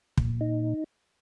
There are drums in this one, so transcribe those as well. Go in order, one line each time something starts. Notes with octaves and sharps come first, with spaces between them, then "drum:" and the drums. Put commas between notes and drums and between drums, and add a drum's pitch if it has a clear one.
A#2, drum: kick
D#4